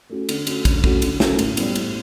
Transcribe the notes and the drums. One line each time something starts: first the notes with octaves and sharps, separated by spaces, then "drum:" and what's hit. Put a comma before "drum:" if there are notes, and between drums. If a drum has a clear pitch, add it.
A3 C#4 F#4
D3, drum: cymbal
A3 C#4 F#4, drum: cymbal
D3, drum: kick, cymbal
A3 C#4 F#4, drum: kick
D3, drum: cymbal
A3 C#4 F#4, drum: snare
A2, drum: cymbal
G3 B3, drum: cymbal
A2, drum: cymbal